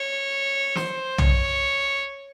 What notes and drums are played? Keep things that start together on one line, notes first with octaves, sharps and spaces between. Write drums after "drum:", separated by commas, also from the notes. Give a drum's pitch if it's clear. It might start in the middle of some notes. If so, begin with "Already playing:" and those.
Already playing: C#5
C5, drum: snare
C#5, drum: tom B1